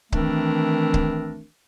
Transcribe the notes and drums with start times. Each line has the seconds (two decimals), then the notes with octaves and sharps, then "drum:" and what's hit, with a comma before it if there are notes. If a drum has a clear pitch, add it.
0.12 D#3 E3 A3 C4 D4 A#4, drum: kick C#1
0.94 drum: kick C#1